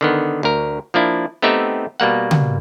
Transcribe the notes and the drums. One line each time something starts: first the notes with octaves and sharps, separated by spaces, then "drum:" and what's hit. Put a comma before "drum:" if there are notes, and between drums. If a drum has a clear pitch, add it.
D3 D#3 B3
D2 A#4
F3 A#3 D4 E4
A3 B3 C4 D#4 G4 E5
B2 G3 A#3 F#5
drum: tom C#3